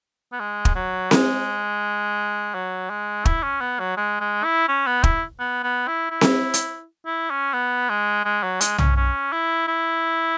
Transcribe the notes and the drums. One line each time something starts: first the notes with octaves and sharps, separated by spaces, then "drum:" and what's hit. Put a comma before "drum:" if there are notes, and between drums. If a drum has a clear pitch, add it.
B3
G#3
drum: kick
F#3
G#3, drum: snare C4
F#3
G#3
E4, drum: kick
C#4
B3
F#3
G#3
G#3
E4
C#4
B3
E4, drum: kick
B3
B3
E4
E4
drum: snare C4
drum: hi-hat
E4
C#4
B3
G#3
G#3
F#3
G#3, drum: hi-hat
C#4, drum: tom
C#4
E4
E4